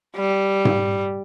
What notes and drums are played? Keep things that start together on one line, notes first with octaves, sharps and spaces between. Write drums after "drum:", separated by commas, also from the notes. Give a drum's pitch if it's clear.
G3
drum: tom G#2